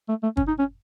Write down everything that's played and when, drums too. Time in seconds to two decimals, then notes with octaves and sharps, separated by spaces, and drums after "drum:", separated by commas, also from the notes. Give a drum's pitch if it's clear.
0.09 A3
0.23 A3
0.37 C#4, drum: kick
0.48 D#4
0.59 C#4